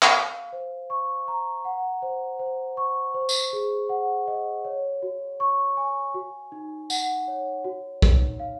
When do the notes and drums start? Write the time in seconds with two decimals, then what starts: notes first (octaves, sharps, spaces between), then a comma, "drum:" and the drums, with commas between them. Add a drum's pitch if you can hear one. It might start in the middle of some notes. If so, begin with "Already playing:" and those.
0.02 drum: clap
0.15 F5
0.53 C5
0.90 C#6
1.28 A#5
1.65 F#5
2.02 C5
2.39 C5
2.77 C#6
3.14 C5
3.29 drum: tambourine
3.53 G#4
3.89 F#5
4.28 D#5
4.65 C#5
5.02 F#4
5.40 C#6
5.77 G#5
6.14 F#4
6.52 D#4
6.90 F#5, drum: tambourine
7.28 C#5
7.65 F#4
8.02 D#4, drum: kick B1
8.40 F5